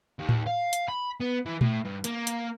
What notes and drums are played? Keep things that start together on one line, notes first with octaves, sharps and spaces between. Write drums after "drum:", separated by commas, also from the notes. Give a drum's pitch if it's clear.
D#2
drum: tom A2
F5
drum: hi-hat
B5
B3
E3
A2, drum: tom A#2
G2
A#3, drum: hi-hat
drum: hi-hat